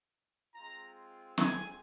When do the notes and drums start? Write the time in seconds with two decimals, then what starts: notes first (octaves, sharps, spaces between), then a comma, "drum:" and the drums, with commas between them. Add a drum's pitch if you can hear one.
0.54 G#3 C4 F4 A#5
1.38 G#5, drum: snare